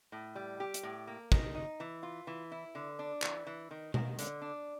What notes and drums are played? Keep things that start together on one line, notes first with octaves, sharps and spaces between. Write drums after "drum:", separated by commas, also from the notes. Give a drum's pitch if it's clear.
A2
G3
G4
drum: hi-hat
A2
A#3
D#3, drum: kick
D#4
E3
F4
E3
E4
D3
D4
E3, drum: clap
E3
D#3
D#3, drum: tom B2
D3, drum: hi-hat
D4